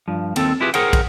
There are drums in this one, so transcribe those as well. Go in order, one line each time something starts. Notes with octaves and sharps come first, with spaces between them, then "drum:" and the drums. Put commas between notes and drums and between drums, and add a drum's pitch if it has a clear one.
G2 F3
D#2 C4 A4, drum: cymbal
E4 F4 G4 G#4 B4
G#4 A#4 C5 C#5 F#5 G5, drum: cymbal
drum: kick, cymbal